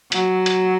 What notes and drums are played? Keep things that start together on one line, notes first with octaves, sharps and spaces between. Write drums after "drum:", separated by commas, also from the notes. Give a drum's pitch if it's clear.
F#3, drum: hi-hat
drum: hi-hat